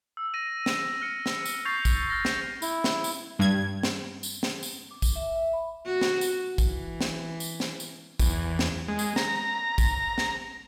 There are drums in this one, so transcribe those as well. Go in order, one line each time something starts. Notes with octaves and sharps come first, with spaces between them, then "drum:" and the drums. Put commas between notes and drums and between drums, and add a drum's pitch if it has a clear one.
E6
A#6 D#7
drum: snare
F6 C#7
drum: snare
drum: tambourine
C#6 G6 A6 C7 F7
drum: kick, tambourine
F6 A6 A#6
drum: snare
E4, drum: tambourine
drum: snare
drum: tambourine
G2 G#6
drum: snare
drum: tambourine
drum: snare
drum: tambourine
D6
drum: kick, tambourine
E5
E5
B5
F#4
drum: snare
drum: tambourine
E3, drum: kick, tambourine
drum: snare
drum: tambourine
drum: snare
drum: tambourine
E2, drum: kick, tambourine
drum: snare
G#3
drum: tambourine
A#5, drum: snare
drum: kick, tambourine
drum: snare